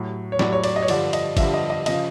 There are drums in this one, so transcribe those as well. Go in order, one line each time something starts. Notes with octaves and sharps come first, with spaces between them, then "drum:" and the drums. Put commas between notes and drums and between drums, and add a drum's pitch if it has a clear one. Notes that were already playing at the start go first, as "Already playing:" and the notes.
Already playing: A2 F#3
C#5
A2 F#3 D5, drum: snare
C#5
D5, drum: cymbal
D#5
C#5
G2 D3 F3 D5, drum: cymbal
D#5, drum: cymbal
G2 D3 F3 E5, drum: kick G#1, cymbal
D#5
D#5
C#3 F3 D#5, drum: cymbal